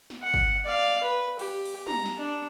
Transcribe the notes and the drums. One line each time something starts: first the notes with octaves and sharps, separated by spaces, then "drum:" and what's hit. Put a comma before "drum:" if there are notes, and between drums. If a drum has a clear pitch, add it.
drum: snare
F#5
drum: kick
D5 F5
B4
G4, drum: cymbal
drum: cymbal
A#5, drum: tom
drum: snare
D4